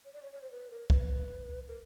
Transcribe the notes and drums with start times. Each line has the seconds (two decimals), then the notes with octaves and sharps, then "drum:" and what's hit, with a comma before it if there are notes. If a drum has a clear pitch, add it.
0.05 C#5
0.13 D5
0.22 C#5
0.32 C#5
0.42 C5
0.51 B4
0.71 A#4
0.90 B4, drum: kick
1.68 A#4